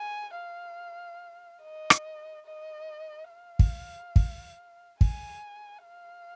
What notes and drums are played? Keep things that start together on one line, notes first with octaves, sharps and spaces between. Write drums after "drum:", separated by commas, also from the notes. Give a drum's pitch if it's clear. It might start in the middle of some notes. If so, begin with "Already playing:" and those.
Already playing: G#5
F5
D#5
drum: rim click
D#5
F5
drum: kick
drum: kick
G#5, drum: kick
F5